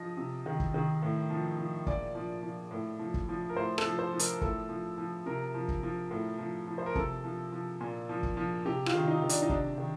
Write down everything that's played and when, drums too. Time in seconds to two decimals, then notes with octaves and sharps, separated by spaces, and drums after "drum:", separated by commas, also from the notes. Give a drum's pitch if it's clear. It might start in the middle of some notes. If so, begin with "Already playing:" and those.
Already playing: F3 D#5
0.17 C3
0.46 D#3
0.60 drum: kick
0.74 D#3
1.03 A2
1.30 F3
1.58 F3
1.87 A#2 D5, drum: kick
2.15 F3
2.43 F3
2.71 A2
2.99 F3
3.14 drum: kick
3.29 F3
3.49 A#4
3.56 A2 C5
3.78 A4, drum: rim click
3.85 F3
3.99 C5
4.13 F3
4.19 A#4, drum: hi-hat
4.41 A2 A4, drum: kick
4.69 F3
4.98 F3
5.26 C3 A#4
5.54 F3
5.68 drum: kick
5.83 F3
6.11 A2
6.38 F3
6.68 F3
6.78 C5
6.86 A#4
6.95 C3 A4, drum: kick
7.24 F3
7.52 F3
7.81 A#2
8.09 F3
8.23 drum: kick
8.37 F3
8.66 C3 G4
8.86 F4, drum: rim click
8.94 D#3
9.08 D#4
9.22 D#3
9.29 D4, drum: hi-hat
9.42 D#4
9.49 C3 D4, drum: kick
9.78 D#3